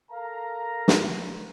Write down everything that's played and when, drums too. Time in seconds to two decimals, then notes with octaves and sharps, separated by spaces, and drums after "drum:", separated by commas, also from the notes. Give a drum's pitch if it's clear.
0.11 A4 A#4 F5 A#5
0.88 drum: snare